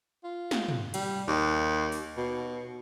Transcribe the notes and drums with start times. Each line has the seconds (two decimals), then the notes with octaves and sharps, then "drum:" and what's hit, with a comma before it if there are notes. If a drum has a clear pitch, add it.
0.24 F4
0.51 drum: snare
0.68 drum: tom
0.94 G3, drum: cymbal
1.28 D#2
1.92 drum: open hi-hat
2.17 B2